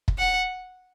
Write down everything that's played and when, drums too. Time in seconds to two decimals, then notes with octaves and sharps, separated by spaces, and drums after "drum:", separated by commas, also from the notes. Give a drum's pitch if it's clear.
0.08 drum: kick
0.18 F#5